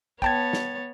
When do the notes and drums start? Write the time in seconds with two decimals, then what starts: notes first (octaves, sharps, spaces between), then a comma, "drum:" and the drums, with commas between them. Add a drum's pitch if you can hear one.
0.22 B3 C#5 G5 A5 G#6 A6, drum: kick
0.53 drum: snare